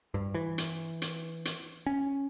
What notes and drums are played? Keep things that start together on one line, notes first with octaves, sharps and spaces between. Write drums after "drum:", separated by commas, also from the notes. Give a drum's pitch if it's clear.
G2
E3
drum: hi-hat
drum: hi-hat
drum: hi-hat
C#4